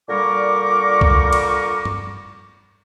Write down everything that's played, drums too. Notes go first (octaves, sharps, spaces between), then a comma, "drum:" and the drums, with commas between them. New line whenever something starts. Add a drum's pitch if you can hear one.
A#2 D3 G3 A#4 C#6 D6
drum: kick C2
drum: cymbal
drum: tom G2